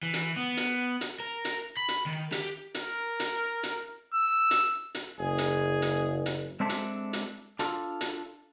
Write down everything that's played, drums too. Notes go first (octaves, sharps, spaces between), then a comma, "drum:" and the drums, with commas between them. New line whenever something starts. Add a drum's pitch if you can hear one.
E3
drum: hi-hat
B3
drum: hi-hat
drum: hi-hat
A#4
drum: hi-hat
B5
drum: hi-hat
D#3
G4, drum: hi-hat
A#4, drum: hi-hat
drum: hi-hat
drum: hi-hat
E6
drum: hi-hat
drum: hi-hat
F#1 G#4
drum: hi-hat
drum: hi-hat
drum: hi-hat
G#3 C4 D4 A4 E5
drum: hi-hat
drum: hi-hat
D4 F4 A4, drum: hi-hat
drum: hi-hat